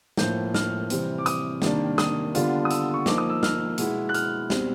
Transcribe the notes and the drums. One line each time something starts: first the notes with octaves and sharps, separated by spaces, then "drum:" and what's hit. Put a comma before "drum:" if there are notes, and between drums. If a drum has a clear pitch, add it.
A2 F3 A#3 G6, drum: snare
F6, drum: snare
C3 E3 G3 C4, drum: hi-hat
D6
D#6, drum: hi-hat
C3 D#3 G3 A#3 D4, drum: snare
D#6, drum: snare
D3 G3 B3 D4 F4, drum: hi-hat
D#6
E6, drum: hi-hat
C#6
F3 A#3 D#4 D6, drum: snare
D#6
E6
F6, drum: snare
B2 G#3 B3 E4, drum: hi-hat
F#6
F6, drum: hi-hat
B2 G3 C4, drum: snare